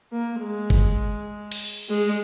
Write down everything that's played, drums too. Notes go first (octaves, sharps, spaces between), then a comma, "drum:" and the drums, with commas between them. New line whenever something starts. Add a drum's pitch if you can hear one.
A#3
G#3
drum: kick
drum: cymbal
G#3